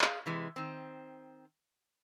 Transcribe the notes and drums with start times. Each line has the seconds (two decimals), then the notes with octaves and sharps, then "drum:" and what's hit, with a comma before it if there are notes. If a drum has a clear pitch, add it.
0.01 G#4 F5, drum: clap
0.26 C3 E3 G#3
0.56 D#3 C4